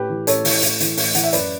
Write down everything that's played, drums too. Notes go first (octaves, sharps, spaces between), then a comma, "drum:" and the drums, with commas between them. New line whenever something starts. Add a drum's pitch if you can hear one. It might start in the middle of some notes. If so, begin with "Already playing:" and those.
Already playing: A2 G4 B4
E3
A2 A4 C#5, drum: hi-hat
E3, drum: open hi-hat
A2, drum: hi-hat
E3, drum: hi-hat
A2, drum: open hi-hat
E3 F#5, drum: hi-hat
E5
F#2 B4 D5, drum: hi-hat